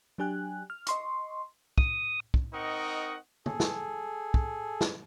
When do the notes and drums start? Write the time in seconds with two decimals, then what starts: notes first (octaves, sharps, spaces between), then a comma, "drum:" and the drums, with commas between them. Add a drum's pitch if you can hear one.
0.18 F#3 D4 G4 G#5 F#6
0.70 F6
0.87 D#5 C6 C#6, drum: hi-hat
1.78 D#6, drum: kick
2.34 drum: kick
2.54 C4 D#4 A#4 D#5 F#5 C#6
3.46 G#4 A4, drum: tom
3.60 drum: snare
4.34 drum: kick
4.81 drum: snare